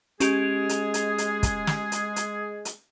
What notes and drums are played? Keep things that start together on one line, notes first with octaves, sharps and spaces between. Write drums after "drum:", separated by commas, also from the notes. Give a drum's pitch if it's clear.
G#3 C#4 G4 G#4 F7, drum: hi-hat
drum: hi-hat
drum: hi-hat
drum: hi-hat
drum: kick, hi-hat
drum: snare
drum: hi-hat
drum: hi-hat
drum: hi-hat